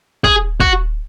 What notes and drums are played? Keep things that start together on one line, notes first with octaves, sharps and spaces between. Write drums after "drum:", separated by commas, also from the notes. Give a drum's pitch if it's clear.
G#4, drum: kick
F#4, drum: kick